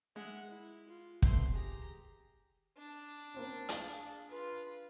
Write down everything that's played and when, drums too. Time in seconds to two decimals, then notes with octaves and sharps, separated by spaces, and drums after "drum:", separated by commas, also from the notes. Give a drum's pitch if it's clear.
0.16 G#3 E5 F#5
0.50 E4
0.88 F4
1.22 B3 C4 A4 E5 C6, drum: kick
1.53 G#1 G4 G#4 G#5 A#5
2.78 D4
3.34 A#3 C4 C#4
3.69 G#4 D5 F5, drum: hi-hat
4.28 F4 B4